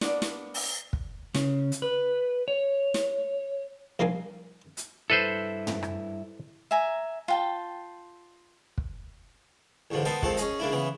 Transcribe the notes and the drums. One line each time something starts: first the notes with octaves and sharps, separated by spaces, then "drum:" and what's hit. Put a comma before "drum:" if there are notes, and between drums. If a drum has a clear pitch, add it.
A#3 B3 D4 D5, drum: snare
drum: snare
drum: open hi-hat
drum: kick
C#3, drum: snare
drum: hi-hat
B4
C#5
drum: snare
C2 F3 A#3 D4 G#5
drum: hi-hat
G2 E4 A4 B4 C5
drum: tom
drum: rim click
E5 G#5 A#5
F4 G5 A5
drum: kick
A1 E2 G2 D3 F3
B3 A4 A#4 C5 D#5 G5
D#3 F3 G#3 C4 A4, drum: kick
C#4 G#4 D#5, drum: hi-hat
C#3 A#3 D4 E4
C#3 E3 B3